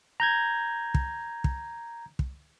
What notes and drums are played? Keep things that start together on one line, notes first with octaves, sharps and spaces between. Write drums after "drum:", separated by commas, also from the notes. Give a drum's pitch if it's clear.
A#5 G6 G#6
drum: kick
drum: kick
drum: kick